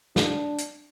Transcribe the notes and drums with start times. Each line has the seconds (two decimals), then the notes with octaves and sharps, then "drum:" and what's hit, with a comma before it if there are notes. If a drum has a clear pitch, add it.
0.16 D4, drum: snare
0.58 drum: hi-hat